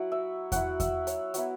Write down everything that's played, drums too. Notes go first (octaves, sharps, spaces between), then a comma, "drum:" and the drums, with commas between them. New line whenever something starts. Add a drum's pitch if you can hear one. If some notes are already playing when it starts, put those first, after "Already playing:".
Already playing: F#3 E4 F#5
E5
F#3 E4 F#5, drum: kick E2, hi-hat
E5, drum: kick E2, hi-hat
C#5, drum: hi-hat
F#3 B3 E4, drum: hi-hat